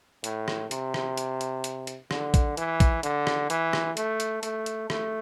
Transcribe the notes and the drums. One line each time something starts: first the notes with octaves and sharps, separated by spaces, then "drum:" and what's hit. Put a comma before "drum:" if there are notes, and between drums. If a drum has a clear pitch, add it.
A2, drum: hi-hat
drum: rim click
C3, drum: hi-hat
drum: rim click
drum: hi-hat
drum: hi-hat
drum: hi-hat
drum: hi-hat
D3, drum: rim click
drum: kick, hi-hat
E3, drum: hi-hat
drum: kick, hi-hat
D3, drum: hi-hat
drum: rim click
E3, drum: hi-hat
drum: rim click
A3, drum: hi-hat
drum: hi-hat
A3, drum: hi-hat
drum: hi-hat
A3, drum: rim click